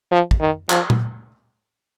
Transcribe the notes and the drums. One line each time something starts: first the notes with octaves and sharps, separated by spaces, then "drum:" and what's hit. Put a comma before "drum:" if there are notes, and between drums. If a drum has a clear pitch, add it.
F3
drum: kick
D#3
F3, drum: clap
drum: tom A#2